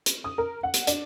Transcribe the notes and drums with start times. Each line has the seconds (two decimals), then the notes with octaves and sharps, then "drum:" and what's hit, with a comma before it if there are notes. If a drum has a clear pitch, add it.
0.06 drum: hi-hat
0.24 D#6
0.38 A#4
0.63 F#5
0.74 drum: hi-hat
0.87 D4, drum: hi-hat